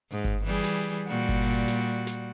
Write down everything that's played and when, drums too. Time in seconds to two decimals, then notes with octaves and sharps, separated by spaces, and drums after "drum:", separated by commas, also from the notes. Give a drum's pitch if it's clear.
0.12 G#2, drum: hi-hat
0.25 drum: kick G1, hi-hat
0.45 E3 G3 G#4
0.64 drum: snare
0.90 drum: hi-hat
1.07 A#2 G3 F#4
1.29 drum: kick G1, hi-hat
1.42 drum: open hi-hat
1.55 drum: hi-hat
1.68 drum: snare
1.81 drum: hi-hat
1.94 drum: hi-hat
2.07 drum: snare